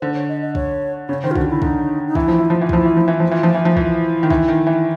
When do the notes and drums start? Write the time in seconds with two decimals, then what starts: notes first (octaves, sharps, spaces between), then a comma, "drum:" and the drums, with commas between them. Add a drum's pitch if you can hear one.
0.01 D3 C5
0.15 C#5
0.29 D#5
0.42 D#5
0.55 C#5, drum: kick
1.09 C#3 C#5
1.23 D#3 C5
1.31 F4
1.35 D3 F#4, drum: kick
1.49 E4
1.62 D3 D#4, drum: kick
2.07 D#4
2.15 E3 E4, drum: kick
2.28 F3
2.39 E3
2.50 F3
2.61 E3
2.69 F3 E4, drum: kick
2.85 E3
2.97 F3
3.08 E3
3.20 F3 F4
3.31 E3
3.43 F3
3.54 E3
3.65 F3
3.77 E3 E4, drum: kick
4.23 D#3
4.30 E3, drum: kick
4.48 D#3
4.67 E3